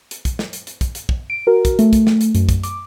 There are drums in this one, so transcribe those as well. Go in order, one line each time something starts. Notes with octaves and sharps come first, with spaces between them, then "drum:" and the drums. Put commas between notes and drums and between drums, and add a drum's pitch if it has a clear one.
drum: hi-hat
drum: kick, hi-hat
drum: snare
drum: hi-hat
drum: hi-hat
drum: kick, hi-hat
drum: hi-hat
drum: kick
D7
F#4 A#4
drum: kick, hi-hat
A3, drum: hi-hat
drum: kick, hi-hat
drum: snare
drum: hi-hat
F#2, drum: hi-hat
drum: kick, hi-hat
D6, drum: hi-hat